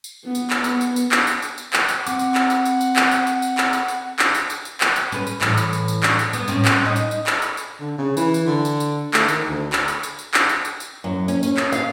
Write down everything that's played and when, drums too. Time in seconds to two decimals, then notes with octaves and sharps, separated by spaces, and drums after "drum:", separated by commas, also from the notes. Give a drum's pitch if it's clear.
0.04 drum: tambourine
0.25 B3
0.35 drum: tambourine
0.50 drum: clap
0.64 B3, drum: tambourine
0.81 drum: tambourine
0.96 drum: tambourine
1.12 drum: clap
1.27 drum: tambourine
1.42 drum: tambourine
1.58 drum: tambourine
1.73 drum: clap
1.89 drum: tambourine
2.07 C4 F#5 D6, drum: tambourine
2.19 drum: tambourine
2.35 drum: clap
2.50 drum: tambourine
2.65 drum: tambourine
2.81 drum: tambourine
2.96 drum: clap
3.11 drum: tambourine
3.27 drum: tambourine
3.42 drum: tambourine
3.58 drum: clap
3.73 drum: tambourine
3.88 drum: tambourine
4.19 drum: clap
4.34 drum: tambourine
4.50 drum: tambourine
4.65 drum: tambourine
4.81 drum: clap
4.96 drum: tambourine
5.12 C#4 B4, drum: tambourine
5.27 drum: tambourine
5.41 A2 E3, drum: clap
5.57 drum: tambourine
5.73 drum: tambourine
5.88 drum: tambourine
6.03 D4 C#5, drum: clap
6.19 drum: tambourine
6.33 B3, drum: tambourine
6.48 A2 C4 C#4, drum: tambourine
6.65 drum: clap
6.86 D#4
6.96 drum: tambourine
7.11 drum: tambourine
7.27 drum: clap
7.42 drum: tambourine
7.57 drum: tambourine
7.80 D3
7.98 C#3
8.17 E3, drum: tambourine
8.34 drum: tambourine
8.47 D3
8.65 drum: tambourine
8.80 drum: tambourine
9.14 A3, drum: clap
9.28 D#3, drum: tambourine
9.49 D2
9.73 drum: clap
9.88 drum: tambourine
10.03 drum: tambourine
10.19 drum: tambourine
10.34 drum: clap
10.49 drum: tambourine
10.65 drum: tambourine
10.80 drum: tambourine
11.04 F#2
11.28 C#4, drum: tambourine
11.43 C#4, drum: tambourine
11.57 drum: clap
11.72 F5, drum: tambourine